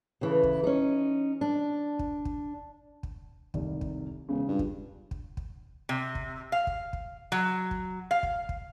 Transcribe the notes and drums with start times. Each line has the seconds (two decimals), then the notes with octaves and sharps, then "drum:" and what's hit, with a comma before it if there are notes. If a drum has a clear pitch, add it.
0.21 C#3 E3 A3
0.43 drum: kick
0.64 C#4 D#4
1.41 D4
1.99 drum: kick
2.25 drum: kick
3.03 drum: kick
3.54 F1 C2 D#3, drum: kick
3.81 drum: kick
4.29 E1 C#3
4.48 G2 F4
4.59 drum: kick
5.11 drum: kick
5.37 drum: kick
5.89 C3
6.15 drum: kick
6.52 F5
6.67 drum: kick
6.93 drum: kick
7.32 F#3
7.71 drum: kick
8.11 F5
8.23 drum: kick
8.49 drum: kick